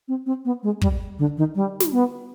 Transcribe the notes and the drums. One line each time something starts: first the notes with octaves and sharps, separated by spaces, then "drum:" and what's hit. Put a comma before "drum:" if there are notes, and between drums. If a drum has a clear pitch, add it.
C4
C4
B3
G#3
G3, drum: kick
D3
D#3
G3
drum: snare
B3